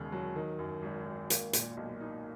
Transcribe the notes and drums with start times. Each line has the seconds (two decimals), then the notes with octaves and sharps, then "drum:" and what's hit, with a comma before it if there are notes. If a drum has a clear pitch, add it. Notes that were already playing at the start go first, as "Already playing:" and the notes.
Already playing: E1 D#2 C#3
0.12 F#3
0.36 D#3
0.59 F#2
0.82 G#1
1.05 G#1
1.30 A#3, drum: hi-hat
1.53 A#2, drum: hi-hat
1.77 B1
2.00 D#4